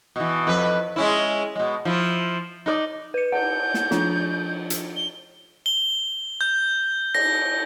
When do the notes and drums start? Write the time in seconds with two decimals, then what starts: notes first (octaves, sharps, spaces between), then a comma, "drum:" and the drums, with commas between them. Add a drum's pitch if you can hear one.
0.16 B2 E3
0.47 F2 B4
0.96 G#3 C#4 E4
1.56 B2 G#3
1.85 F3 E4
2.66 D#4 A#4 D5
3.14 B4 C#7 D#7
3.32 F#5 G6, drum: cymbal
3.74 drum: snare
3.91 F3 D4 F4, drum: snare
4.70 drum: hi-hat
4.96 G7
5.66 G7
6.41 G6
7.15 A#6, drum: cymbal